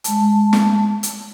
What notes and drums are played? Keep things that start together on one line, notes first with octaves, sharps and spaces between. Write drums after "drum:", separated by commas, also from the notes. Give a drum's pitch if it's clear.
G#3 A5, drum: hi-hat
drum: snare
drum: hi-hat